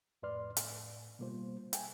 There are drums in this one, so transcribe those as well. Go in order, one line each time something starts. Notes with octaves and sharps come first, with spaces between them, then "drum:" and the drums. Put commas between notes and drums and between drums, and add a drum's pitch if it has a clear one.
F2 A2 B4 D5 C6 F6
A2, drum: hi-hat
B2 G3 A#3 F4 C5
G5 G#5, drum: hi-hat